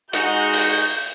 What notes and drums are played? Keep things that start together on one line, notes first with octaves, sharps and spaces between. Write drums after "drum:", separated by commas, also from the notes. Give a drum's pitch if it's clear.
G#3 D#4 F#4 G6, drum: hi-hat
drum: open hi-hat